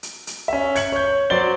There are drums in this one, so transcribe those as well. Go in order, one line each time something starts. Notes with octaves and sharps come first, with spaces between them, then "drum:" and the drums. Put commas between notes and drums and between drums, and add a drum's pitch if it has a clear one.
drum: hi-hat
drum: hi-hat
C#4 E5
G#6 C#7 F#7, drum: hi-hat
C#5 G6
F#3 C5 D5 A6 G7